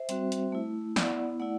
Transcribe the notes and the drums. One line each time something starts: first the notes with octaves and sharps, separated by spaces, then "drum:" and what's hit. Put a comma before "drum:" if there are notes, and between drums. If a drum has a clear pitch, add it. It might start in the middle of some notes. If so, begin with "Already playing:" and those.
Already playing: C5 E5
G3 C4 F#4, drum: hi-hat
drum: hi-hat
A3 E4
B3 E4 D5 F#5, drum: snare
A3 E4 D5 F#5